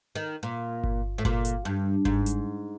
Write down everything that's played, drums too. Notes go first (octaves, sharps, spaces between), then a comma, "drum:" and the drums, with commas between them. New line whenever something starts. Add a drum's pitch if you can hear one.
D#3
A#2
drum: kick G1
A2
A#2, drum: kick G1
drum: hi-hat
G2
G#2, drum: kick G1
drum: hi-hat